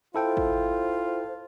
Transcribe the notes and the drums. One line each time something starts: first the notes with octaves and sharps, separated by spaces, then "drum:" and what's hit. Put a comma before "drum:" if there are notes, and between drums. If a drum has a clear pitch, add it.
E4 F4 A4 C5 G5
drum: kick G#1